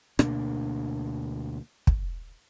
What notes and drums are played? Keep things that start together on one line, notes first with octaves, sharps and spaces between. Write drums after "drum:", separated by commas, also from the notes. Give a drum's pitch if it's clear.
D2 B2 A#3 D4, drum: rim click
drum: kick